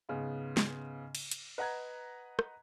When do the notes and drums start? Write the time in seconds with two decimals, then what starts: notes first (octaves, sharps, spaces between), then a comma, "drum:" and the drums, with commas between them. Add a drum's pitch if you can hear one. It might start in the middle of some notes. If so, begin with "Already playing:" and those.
0.09 G#2 C#3 B3
0.57 drum: snare
1.15 drum: cymbal
1.31 drum: hi-hat
1.58 B4 D#5 F#5 A#5 F#6 G#6
2.39 drum: rim click